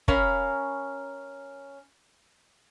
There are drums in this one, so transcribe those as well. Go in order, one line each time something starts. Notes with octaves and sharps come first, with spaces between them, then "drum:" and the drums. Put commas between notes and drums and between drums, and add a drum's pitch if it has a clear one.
C#4 A#4 F5 B5, drum: kick